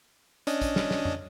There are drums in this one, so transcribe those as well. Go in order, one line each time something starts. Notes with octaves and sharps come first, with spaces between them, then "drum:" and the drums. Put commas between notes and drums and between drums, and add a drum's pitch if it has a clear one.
C#4 D4 D#5, drum: hi-hat
drum: kick, hi-hat
drum: snare
drum: snare
drum: tom F2